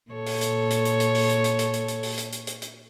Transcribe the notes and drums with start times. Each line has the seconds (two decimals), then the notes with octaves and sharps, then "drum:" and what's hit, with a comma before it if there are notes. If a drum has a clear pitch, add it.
0.12 A#2 A4 C#5
0.26 drum: open hi-hat
0.41 drum: hi-hat
0.70 drum: hi-hat
0.85 drum: hi-hat
1.00 drum: hi-hat
1.15 drum: open hi-hat
1.29 drum: hi-hat
1.44 drum: hi-hat
1.59 drum: hi-hat
1.73 drum: hi-hat
1.88 drum: hi-hat
2.03 drum: open hi-hat
2.18 drum: hi-hat
2.32 drum: hi-hat
2.47 drum: hi-hat
2.62 drum: hi-hat